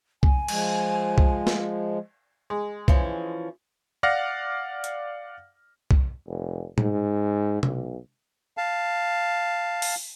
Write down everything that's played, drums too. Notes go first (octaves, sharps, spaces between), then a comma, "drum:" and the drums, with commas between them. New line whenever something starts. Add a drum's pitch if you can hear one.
G#5, drum: kick
F3 G#3, drum: cymbal
drum: kick
drum: snare
G#3
E3 F3 C#4, drum: kick
D5 F5 F#5 F6 A#6
drum: hi-hat
drum: kick
F1
G#2, drum: tom A2
B1, drum: tom C3
F5 A5
drum: open hi-hat